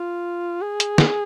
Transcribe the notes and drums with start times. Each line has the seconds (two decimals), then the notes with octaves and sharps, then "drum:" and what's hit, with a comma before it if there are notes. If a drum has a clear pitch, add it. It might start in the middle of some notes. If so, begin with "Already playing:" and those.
Already playing: F4
0.62 G#4
0.80 drum: hi-hat
0.98 drum: snare